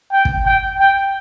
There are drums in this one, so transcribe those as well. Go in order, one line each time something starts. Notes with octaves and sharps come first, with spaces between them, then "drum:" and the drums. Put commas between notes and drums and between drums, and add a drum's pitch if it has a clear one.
G5
drum: kick
G5
G5